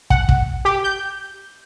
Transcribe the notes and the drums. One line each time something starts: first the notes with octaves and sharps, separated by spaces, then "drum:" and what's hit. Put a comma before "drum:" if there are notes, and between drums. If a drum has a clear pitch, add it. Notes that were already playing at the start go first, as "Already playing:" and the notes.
F#5, drum: kick
drum: kick
G4
G6